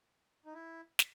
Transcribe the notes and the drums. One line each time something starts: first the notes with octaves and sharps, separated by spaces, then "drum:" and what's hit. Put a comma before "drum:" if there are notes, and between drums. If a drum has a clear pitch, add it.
D#4
E4
drum: snare